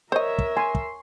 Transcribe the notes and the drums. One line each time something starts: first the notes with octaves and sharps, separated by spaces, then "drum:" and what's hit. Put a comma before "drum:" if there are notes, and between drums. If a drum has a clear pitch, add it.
A#4 C5 C#5 D#5 E5
drum: kick
G#5 C6
drum: kick